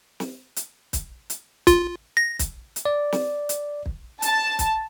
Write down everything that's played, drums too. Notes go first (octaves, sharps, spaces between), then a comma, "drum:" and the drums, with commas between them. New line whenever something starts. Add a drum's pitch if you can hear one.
drum: snare
drum: hi-hat
drum: kick, hi-hat
drum: hi-hat
F4, drum: kick, hi-hat
A#6
drum: kick, hi-hat
drum: hi-hat
D5
drum: snare
drum: hi-hat
drum: kick
A5, drum: hi-hat
drum: kick, hi-hat